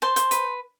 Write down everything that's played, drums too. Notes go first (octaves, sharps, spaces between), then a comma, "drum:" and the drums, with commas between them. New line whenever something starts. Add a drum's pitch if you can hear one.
C5 A5 C6
C5, drum: hi-hat
B4, drum: hi-hat